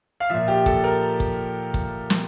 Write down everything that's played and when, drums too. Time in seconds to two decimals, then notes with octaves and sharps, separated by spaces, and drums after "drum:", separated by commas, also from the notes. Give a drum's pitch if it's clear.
0.20 F5
0.30 A#2 F3 E5
0.48 G4
0.66 A4, drum: kick
0.84 A#4
1.20 drum: kick
1.74 drum: kick
2.10 drum: snare